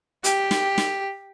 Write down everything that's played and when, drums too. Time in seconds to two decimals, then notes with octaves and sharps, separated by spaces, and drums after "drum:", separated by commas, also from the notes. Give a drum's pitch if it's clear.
0.24 G4, drum: hi-hat
0.51 drum: snare
0.78 drum: snare